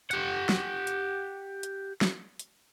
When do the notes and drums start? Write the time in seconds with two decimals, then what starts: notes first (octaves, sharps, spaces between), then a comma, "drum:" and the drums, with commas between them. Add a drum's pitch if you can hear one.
0.11 G4 F#5, drum: hi-hat
0.49 drum: snare
0.87 drum: hi-hat
1.63 drum: hi-hat
2.01 drum: snare
2.39 drum: hi-hat